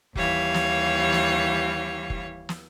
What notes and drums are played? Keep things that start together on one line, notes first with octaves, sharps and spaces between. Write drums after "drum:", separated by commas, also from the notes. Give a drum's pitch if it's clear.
D#2 E3 G3 C#5 F5, drum: kick F#1
drum: snare
drum: snare
drum: kick F#1
drum: snare